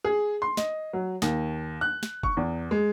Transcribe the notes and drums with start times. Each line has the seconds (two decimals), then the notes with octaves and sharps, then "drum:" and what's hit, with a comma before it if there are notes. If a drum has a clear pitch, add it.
0.04 G#4
0.42 C6
0.57 D#5, drum: snare
0.93 F#3
1.22 D#2, drum: snare
1.81 F#6
2.03 drum: snare
2.23 C#6, drum: kick
2.37 E2
2.71 G#3